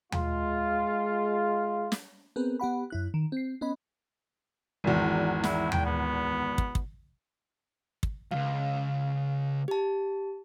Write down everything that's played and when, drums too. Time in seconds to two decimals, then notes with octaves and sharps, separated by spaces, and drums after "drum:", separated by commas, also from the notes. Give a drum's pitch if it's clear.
0.12 G#3 F4, drum: tom D#2
1.92 drum: snare
2.36 B3 C4 G#4 A#4 B4
2.60 B3 G4 F#5 B5
2.90 F#2 E4 F#6
3.14 D#3
3.32 C4 C7
3.61 B3 C#4 D#5 B5
4.84 G#1 E2
5.44 E4, drum: snare
5.72 G5, drum: tom D#2
5.86 B3
6.58 drum: kick
6.75 drum: kick
8.03 drum: kick
8.31 C#2 F#2 F5
9.68 G4 A5